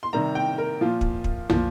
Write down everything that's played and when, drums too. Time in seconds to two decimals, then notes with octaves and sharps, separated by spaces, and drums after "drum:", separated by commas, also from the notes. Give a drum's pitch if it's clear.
0.03 C6
0.13 C3 D#3 G3 A#5
0.35 G5
0.58 A#4
0.81 A#2 F3 F4
1.01 drum: kick
1.24 drum: kick
1.50 A#2 F3, drum: tom